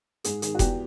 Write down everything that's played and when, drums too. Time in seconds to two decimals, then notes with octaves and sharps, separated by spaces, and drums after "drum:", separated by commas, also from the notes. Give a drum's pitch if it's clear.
0.24 G#2 G#4, drum: hi-hat
0.42 D#3 G#4, drum: hi-hat
0.55 F#4
0.59 E2 G4, drum: kick F1, hi-hat